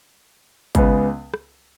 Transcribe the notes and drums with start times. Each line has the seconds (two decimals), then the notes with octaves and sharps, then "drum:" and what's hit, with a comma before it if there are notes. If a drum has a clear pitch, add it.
0.75 C#2 C#3 G#3 B3, drum: kick, hi-hat
1.34 drum: rim click